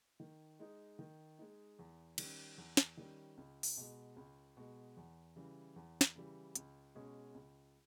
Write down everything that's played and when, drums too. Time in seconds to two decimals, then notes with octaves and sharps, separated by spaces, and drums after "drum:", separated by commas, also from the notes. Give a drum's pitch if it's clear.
0.20 D#3
0.59 G#3 D#4
0.99 D#3
1.39 G#3 D#4
1.79 E2
2.18 D#3 G3 C#4, drum: cymbal
2.58 E2
2.77 drum: snare
2.97 D#3 G3 C#4
3.37 C#2
3.63 drum: open hi-hat
3.77 B2 G#3
4.16 C#2
4.57 B2 G#3
4.97 E2
5.36 C#3 E3 G3
5.76 E2
6.01 drum: snare
6.15 C#3 E3 G3
6.55 C#2, drum: hi-hat
6.95 B2 G#3 C#4 G#4
7.35 C#2